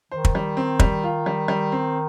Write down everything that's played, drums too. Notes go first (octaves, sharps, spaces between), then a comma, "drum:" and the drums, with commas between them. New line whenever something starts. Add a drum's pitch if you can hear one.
D#3 C5
drum: kick
G3
C4
G3, drum: kick
F4
G3
G3
C4